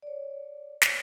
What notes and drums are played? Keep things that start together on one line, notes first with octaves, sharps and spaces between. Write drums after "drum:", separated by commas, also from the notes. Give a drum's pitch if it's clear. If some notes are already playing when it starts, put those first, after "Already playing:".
C#5 D5
drum: snare